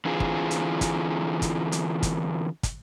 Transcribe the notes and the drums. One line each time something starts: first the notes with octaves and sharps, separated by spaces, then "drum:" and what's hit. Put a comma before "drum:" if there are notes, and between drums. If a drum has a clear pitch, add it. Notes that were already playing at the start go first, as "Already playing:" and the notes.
D3 E3 C4 F4 G#4
drum: kick
drum: hi-hat
drum: kick, hi-hat
drum: kick, hi-hat
drum: hi-hat
drum: kick, hi-hat
drum: kick, hi-hat